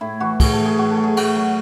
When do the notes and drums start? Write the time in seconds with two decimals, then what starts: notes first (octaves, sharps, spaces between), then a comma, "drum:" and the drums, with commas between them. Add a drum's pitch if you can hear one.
0.01 A2 E4
0.20 E3 F#4
0.40 A2 G#4, drum: kick, cymbal
0.53 A4
0.59 E3
0.65 G#4
0.78 A2 F#4
0.91 A4
0.97 F#3
1.04 G#4
1.17 A2 F#4, drum: cymbal
1.36 F#3